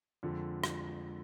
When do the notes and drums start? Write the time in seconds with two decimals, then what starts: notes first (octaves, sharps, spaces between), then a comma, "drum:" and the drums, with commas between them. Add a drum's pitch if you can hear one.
0.23 F2 D3 F3 G#3
0.64 drum: rim click